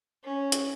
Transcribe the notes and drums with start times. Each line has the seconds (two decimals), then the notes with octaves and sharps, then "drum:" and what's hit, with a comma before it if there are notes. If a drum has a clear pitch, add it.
0.24 C#4
0.52 drum: hi-hat